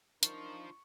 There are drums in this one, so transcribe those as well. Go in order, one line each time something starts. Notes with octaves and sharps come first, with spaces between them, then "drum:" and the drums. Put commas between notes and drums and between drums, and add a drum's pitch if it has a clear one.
D4 D#4 F4 A#4 C5 C#6, drum: hi-hat